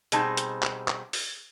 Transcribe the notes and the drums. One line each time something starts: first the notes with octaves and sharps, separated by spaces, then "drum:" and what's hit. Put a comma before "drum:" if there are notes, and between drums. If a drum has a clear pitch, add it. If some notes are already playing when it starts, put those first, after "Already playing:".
B2 G3 C4 D#4 G#4 A5, drum: hi-hat
drum: hi-hat
drum: clap
drum: clap
drum: open hi-hat